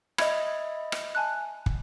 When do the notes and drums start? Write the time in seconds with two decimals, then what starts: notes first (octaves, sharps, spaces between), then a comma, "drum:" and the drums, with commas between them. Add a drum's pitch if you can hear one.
0.18 D#5 E5 B5 G#6, drum: rim click
0.92 drum: rim click
1.15 G#5 A5 F#6
1.66 drum: kick